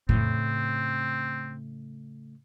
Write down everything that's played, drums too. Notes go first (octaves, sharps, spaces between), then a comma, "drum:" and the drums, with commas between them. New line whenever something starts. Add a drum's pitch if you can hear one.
A2 C#3 C4, drum: kick F2